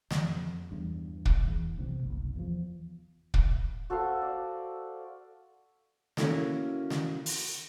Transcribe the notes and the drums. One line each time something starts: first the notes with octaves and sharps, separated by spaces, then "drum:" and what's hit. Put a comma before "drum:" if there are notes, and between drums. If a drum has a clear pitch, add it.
F2, drum: snare
E2 G2
drum: kick
E2
B1 C3 C4
F#1 C2
E2 F3
drum: kick
F#4 A4 C5 F5
D5
A#3 C#4 E4 F#4 A4 A#4, drum: snare
drum: snare
drum: open hi-hat